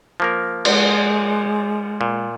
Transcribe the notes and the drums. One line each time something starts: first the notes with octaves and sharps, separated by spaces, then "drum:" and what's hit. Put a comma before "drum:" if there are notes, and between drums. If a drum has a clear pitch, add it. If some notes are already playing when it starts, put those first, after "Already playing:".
F3 A#3 A#4
G#3, drum: cymbal
A#2